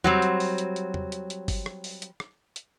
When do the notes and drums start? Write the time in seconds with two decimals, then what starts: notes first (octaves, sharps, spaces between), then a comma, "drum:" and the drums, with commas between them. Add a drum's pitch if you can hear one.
0.04 F#3 G3 C4, drum: tom E2
0.22 drum: hi-hat
0.40 drum: open hi-hat
0.58 drum: hi-hat
0.76 drum: hi-hat
0.94 drum: tom E2
1.12 drum: hi-hat
1.30 drum: hi-hat
1.48 drum: kick G1, open hi-hat
1.66 drum: rim click
1.84 drum: open hi-hat
2.02 drum: hi-hat
2.20 drum: rim click
2.56 drum: hi-hat